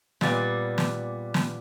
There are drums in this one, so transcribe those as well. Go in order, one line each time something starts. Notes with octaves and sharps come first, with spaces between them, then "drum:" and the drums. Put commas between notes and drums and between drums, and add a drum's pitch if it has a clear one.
A#2 G3 B3, drum: snare
drum: snare
drum: snare